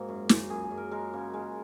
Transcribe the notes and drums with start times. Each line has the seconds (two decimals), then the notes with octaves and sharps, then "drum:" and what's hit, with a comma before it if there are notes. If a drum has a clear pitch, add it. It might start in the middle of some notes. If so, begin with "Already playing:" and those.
Already playing: G#2 A#3 F#4 G#4
0.09 F#2
0.29 F#2, drum: snare
0.50 F#2 G#4
0.64 G#4
0.71 F#2
0.78 A#4
0.91 G#3 A#4
1.13 C#3
1.34 G#3